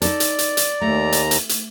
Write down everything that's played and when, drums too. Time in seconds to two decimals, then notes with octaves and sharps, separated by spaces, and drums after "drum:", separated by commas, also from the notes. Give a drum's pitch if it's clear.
0.02 D#4 A4 D5, drum: hi-hat
0.20 drum: hi-hat
0.39 drum: hi-hat
0.57 drum: hi-hat
0.82 D#2 A3 A#5
1.12 drum: hi-hat
1.31 drum: hi-hat
1.49 drum: hi-hat